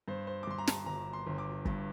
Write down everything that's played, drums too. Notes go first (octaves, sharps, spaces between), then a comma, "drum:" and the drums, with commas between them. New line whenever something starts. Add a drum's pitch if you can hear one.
G2 C5
C5
D6
G2 C6
A#5
A5, drum: snare
G1 A#5
C6
G1
D6
G2, drum: kick